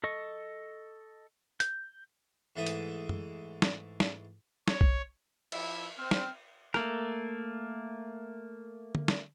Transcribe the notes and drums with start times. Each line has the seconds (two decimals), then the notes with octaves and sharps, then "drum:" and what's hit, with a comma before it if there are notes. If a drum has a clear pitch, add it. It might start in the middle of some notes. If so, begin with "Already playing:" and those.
0.04 A4 D#5 C#6
1.60 G6, drum: hi-hat
2.56 G#2 E3 A3 E5 D#6
2.66 drum: hi-hat
3.09 drum: tom F#2
3.62 drum: snare
4.00 drum: snare
4.68 C#5, drum: snare
4.81 drum: kick B1
5.52 F3 E4 E5, drum: cymbal
5.98 C4 F6
6.11 drum: snare
6.74 A3 A#3 A#4, drum: rim click
8.95 drum: tom D3
9.08 drum: snare